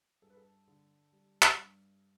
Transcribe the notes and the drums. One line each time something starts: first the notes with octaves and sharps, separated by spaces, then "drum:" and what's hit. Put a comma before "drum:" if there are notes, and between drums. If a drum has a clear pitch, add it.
G2 A4
B4
A4
D3
G3
drum: clap
G2